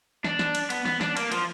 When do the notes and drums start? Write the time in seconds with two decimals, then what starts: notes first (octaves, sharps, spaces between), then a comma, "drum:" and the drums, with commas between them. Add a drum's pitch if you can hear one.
0.24 D4, drum: snare
0.39 drum: snare
0.55 drum: cymbal
0.70 B3, drum: cymbal
0.86 B3, drum: snare
1.01 D4, drum: snare
1.17 A#3, drum: cymbal
1.32 F3, drum: cymbal